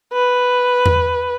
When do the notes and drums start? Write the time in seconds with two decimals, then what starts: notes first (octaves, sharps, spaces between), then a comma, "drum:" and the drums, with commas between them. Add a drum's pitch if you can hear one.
0.13 B4
0.86 drum: tom E2